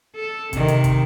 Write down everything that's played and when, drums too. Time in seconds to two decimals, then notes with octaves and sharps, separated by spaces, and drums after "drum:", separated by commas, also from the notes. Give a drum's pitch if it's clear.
0.15 A4
0.53 C3 D#3, drum: kick, hi-hat
0.68 drum: hi-hat
0.84 drum: kick, hi-hat